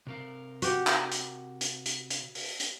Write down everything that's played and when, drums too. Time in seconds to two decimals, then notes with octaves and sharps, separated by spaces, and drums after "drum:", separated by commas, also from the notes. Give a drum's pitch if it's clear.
0.07 C3 A#4 F5
0.62 F#4 G4, drum: hi-hat
0.87 drum: clap
1.12 drum: hi-hat
1.61 drum: hi-hat
1.86 drum: hi-hat
2.10 drum: hi-hat
2.35 drum: open hi-hat
2.60 drum: hi-hat